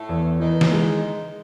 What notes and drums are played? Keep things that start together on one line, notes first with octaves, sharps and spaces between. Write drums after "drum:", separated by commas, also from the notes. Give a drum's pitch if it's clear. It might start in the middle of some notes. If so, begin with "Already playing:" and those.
Already playing: A2 A3
E2
D#3 E3 D#4
drum: snare
G#3